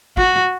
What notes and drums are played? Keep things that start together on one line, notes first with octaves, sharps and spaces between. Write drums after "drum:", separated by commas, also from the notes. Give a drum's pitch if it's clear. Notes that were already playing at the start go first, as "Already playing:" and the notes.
F#4, drum: kick